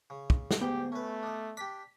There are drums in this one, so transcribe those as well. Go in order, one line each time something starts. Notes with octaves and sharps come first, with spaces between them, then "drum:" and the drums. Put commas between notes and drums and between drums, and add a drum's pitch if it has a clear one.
C#3
drum: kick
drum: snare
D2 G#2 B3 G4 G6
A3 C#4 B4
D4 D#4
D4 G4 B6